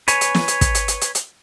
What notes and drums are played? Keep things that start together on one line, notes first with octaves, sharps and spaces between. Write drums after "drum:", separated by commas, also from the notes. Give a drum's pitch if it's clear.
B4 C#5 G#5, drum: hi-hat
drum: hi-hat
drum: snare
drum: hi-hat
drum: kick, hi-hat
drum: hi-hat
drum: hi-hat
drum: hi-hat
drum: hi-hat